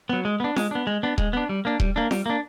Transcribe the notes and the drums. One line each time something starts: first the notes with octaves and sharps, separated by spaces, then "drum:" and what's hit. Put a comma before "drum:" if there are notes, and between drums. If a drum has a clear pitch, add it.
F#3 B3
G#3
B3 D4
G#3, drum: snare F4
B3 D4
G#3
B3 D4
G#3, drum: kick D#1
B3 D4
G3
A#3 D4
G3, drum: kick D#1
A#3 D4
G3, drum: snare F4
A#3 D4